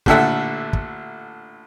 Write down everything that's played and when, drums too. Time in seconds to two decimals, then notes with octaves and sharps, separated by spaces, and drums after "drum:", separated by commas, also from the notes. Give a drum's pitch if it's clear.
0.06 A1 A#2 D3 A4 E5 F#5, drum: kick
0.73 drum: kick